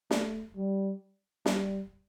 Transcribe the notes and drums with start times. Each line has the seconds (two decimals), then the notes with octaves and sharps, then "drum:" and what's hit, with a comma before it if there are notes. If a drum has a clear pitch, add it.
0.11 A3, drum: snare
0.56 G3
1.46 G3, drum: snare